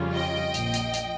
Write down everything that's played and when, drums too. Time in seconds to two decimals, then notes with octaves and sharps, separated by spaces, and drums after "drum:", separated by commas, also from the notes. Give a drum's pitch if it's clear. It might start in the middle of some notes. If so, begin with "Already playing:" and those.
Already playing: F2 C#3 G3 C#4 F4
0.14 D#5 G5
0.54 A#1 A#2 F3, drum: hi-hat
0.74 drum: hi-hat
0.94 drum: hi-hat